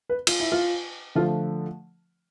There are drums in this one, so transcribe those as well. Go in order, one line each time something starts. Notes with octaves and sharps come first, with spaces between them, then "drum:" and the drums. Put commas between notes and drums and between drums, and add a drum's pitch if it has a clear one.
B4
F4, drum: cymbal
E4
F4
D3 F3 A3 F4